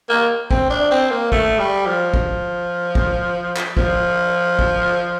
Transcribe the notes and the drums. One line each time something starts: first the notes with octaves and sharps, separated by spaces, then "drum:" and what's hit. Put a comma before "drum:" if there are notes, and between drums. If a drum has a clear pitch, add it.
A#3
C4, drum: kick
D4
C4
A#3
A3, drum: kick
G3
F3
drum: kick
drum: kick
drum: clap
F3, drum: kick
drum: kick